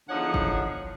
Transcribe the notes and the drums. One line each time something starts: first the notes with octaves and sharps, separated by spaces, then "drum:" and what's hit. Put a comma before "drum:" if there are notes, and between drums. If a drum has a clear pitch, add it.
E2 D3 F3 D#4 C#5 F#5
drum: kick